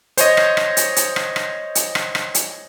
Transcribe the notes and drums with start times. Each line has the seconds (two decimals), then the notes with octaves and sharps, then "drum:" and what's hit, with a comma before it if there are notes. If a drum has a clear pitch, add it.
0.17 C5 C#5 D#5, drum: hi-hat
0.37 drum: rim click
0.57 drum: rim click
0.77 drum: hi-hat
0.96 drum: hi-hat
1.16 drum: rim click
1.36 drum: rim click
1.75 drum: hi-hat
1.95 drum: rim click
2.15 drum: rim click
2.35 drum: hi-hat